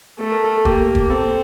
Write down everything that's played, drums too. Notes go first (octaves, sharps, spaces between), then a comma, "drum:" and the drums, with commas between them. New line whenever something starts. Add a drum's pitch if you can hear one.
A3 A4
A#4
A4
A4
A#3 G4, drum: kick
drum: kick
C4 A4